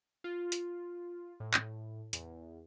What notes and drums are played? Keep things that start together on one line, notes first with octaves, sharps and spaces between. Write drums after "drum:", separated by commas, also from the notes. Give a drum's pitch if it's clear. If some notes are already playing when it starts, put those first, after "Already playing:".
F4
drum: hi-hat
A2
drum: clap
E2, drum: hi-hat